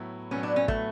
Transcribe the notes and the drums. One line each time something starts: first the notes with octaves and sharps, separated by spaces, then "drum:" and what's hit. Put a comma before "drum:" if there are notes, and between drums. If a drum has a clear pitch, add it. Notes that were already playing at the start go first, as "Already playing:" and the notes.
Already playing: A2 F#3 B3 E4
A2 F#3 B3 C#4
D4
C#4
A3, drum: kick